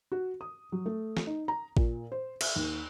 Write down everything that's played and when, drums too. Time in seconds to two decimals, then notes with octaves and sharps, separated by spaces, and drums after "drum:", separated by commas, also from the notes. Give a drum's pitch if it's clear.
0.12 F#4
0.41 D#6
0.72 F#3
0.86 A3
1.17 drum: snare
1.27 D#4
1.48 A#5
1.77 A#2, drum: kick A1
2.12 C5
2.41 E5, drum: cymbal
2.56 D#2